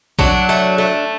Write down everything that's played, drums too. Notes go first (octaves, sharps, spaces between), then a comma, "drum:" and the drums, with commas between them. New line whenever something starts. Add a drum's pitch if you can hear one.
F#3 D4, drum: kick A#1
A3
A3